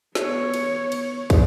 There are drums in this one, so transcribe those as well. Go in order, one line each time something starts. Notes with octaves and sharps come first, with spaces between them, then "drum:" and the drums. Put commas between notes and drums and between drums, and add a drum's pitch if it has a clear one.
B3 C#5, drum: snare
drum: cymbal
drum: cymbal
drum: kick, cymbal